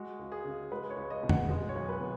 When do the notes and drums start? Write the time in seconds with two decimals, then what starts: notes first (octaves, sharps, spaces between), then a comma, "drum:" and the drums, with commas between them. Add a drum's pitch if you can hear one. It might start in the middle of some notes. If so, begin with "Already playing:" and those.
Already playing: G#3 F#4
0.19 C#2
0.32 G#4
0.45 C#3
0.72 G#3 B4
0.90 C#5
0.97 C#2
1.10 D#5
1.23 B2
1.29 F#5, drum: tom F2
1.49 G#3 D#5
1.69 C#5
1.75 B1
1.89 B4
2.01 B2